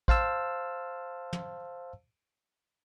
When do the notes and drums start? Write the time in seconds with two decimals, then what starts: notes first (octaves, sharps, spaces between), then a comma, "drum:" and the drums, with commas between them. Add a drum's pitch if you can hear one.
0.08 C5 F5 A5 E6, drum: kick
1.33 drum: tom